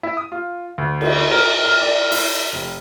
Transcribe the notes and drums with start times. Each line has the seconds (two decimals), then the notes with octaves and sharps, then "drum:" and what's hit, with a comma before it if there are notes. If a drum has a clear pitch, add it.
0.03 E4
0.17 D#6
0.32 F4
0.78 D2
1.01 drum: cymbal
1.31 A#4
1.66 F6
1.81 D5
2.12 E4, drum: open hi-hat
2.53 F1